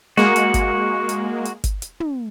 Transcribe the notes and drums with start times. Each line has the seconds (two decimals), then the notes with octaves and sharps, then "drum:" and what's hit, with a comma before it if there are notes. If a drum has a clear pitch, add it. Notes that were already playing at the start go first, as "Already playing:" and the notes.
0.17 G#3 A#3 F#4
0.36 drum: hi-hat
0.54 drum: kick G#1, hi-hat
1.09 drum: hi-hat
1.45 drum: hi-hat
1.64 drum: kick G#1, hi-hat
1.82 drum: hi-hat
2.00 drum: tom